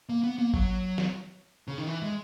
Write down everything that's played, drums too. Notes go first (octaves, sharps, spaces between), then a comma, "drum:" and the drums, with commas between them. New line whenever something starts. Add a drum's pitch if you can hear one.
A#3
B3
A#3
F#3, drum: kick G#1
drum: snare
C#3
D#3
E3
G#3